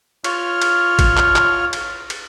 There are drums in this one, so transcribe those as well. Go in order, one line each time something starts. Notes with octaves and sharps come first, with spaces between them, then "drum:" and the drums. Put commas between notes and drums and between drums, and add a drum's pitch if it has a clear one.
F4 C#5 F6, drum: cymbal
drum: cymbal
drum: kick, cymbal
drum: clap
drum: clap
drum: cymbal
drum: cymbal